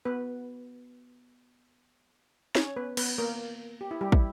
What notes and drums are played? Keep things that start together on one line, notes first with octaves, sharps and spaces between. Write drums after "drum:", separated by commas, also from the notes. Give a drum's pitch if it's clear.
B3 B4
C#4 C#5, drum: snare
B3 B4
B3 B4, drum: cymbal
A#3 A#4
G4
E4
G3 G4
E4, drum: kick